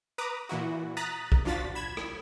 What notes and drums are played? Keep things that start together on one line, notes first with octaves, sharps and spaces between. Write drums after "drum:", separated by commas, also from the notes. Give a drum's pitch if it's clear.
B4 A#5 D6 D#6
A#2 E3 E4 F#4
A#5 D#6 F#6 A6 B6
drum: kick
F3 D4 F4 F#4 A6 B6
B5 G#6 E7
drum: rim click